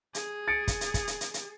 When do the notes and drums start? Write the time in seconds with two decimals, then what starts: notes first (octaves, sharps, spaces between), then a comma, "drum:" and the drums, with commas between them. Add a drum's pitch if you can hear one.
0.15 G#4, drum: hi-hat
0.48 A6 C#7 D7
0.68 drum: kick, hi-hat
0.81 drum: hi-hat
0.94 drum: kick, hi-hat
1.07 drum: hi-hat
1.21 drum: hi-hat
1.34 drum: hi-hat